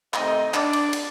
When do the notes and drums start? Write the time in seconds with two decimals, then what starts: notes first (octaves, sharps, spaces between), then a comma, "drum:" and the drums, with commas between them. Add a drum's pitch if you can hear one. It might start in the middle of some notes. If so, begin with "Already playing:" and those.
0.14 C3 D#3 A3 C4 D#4 D#5, drum: clap
0.54 D4 D5, drum: clap
0.73 drum: cymbal
0.93 drum: cymbal